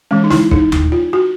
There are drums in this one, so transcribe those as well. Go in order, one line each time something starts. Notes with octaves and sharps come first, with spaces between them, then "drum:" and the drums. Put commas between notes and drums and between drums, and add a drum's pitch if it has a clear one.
E3 G#3 C#4
D#4
E4, drum: snare
D#4, drum: kick
drum: tom D#2
F4
F#4